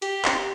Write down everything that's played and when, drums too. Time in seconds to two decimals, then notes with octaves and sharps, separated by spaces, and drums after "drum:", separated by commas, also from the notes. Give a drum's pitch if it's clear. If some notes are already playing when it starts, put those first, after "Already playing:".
0.02 G4, drum: hi-hat
0.25 drum: clap